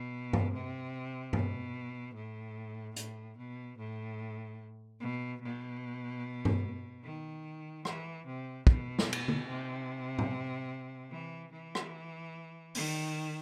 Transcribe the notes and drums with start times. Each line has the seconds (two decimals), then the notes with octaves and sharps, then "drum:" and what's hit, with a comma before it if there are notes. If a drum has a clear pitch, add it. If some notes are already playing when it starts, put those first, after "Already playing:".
Already playing: B2
0.33 drum: tom G2
0.52 C3
1.33 B2, drum: tom G2
2.14 A2
2.96 A2, drum: hi-hat
3.37 B2
3.78 A2
5.00 B2
5.41 B2
6.45 drum: tom G2
7.03 D#3
7.85 E3, drum: rim click
8.26 C3
8.67 B2, drum: kick
8.99 drum: snare
9.13 drum: cymbal
9.28 drum: tom D3
9.48 C3
10.19 drum: tom A2
11.11 E3
11.52 E3
11.75 drum: rim click
12.75 D#3, drum: open hi-hat